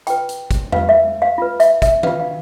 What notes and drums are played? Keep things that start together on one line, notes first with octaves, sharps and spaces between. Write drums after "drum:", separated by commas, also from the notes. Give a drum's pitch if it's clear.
F4 B4 G5, drum: hi-hat
drum: hi-hat
drum: kick, hi-hat
F4 B4 F5, drum: tom E2
E5
F5
F4 B4
E5, drum: hi-hat
E5, drum: kick, hi-hat
F4 B4 F5, drum: tom D#3
F5